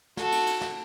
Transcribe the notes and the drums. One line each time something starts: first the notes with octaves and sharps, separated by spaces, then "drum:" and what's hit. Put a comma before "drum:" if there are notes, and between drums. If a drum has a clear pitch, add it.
F#4 A4, drum: snare
drum: cymbal
drum: cymbal
drum: snare